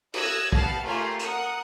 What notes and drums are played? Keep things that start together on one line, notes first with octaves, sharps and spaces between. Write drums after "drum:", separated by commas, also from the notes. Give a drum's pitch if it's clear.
D#6 E6 F#6 G#6 A#6, drum: cymbal
B3 G4 F5 A5, drum: kick
A3 A#3 F4 G4 G#5 C6
A#4 F#5 D#6, drum: hi-hat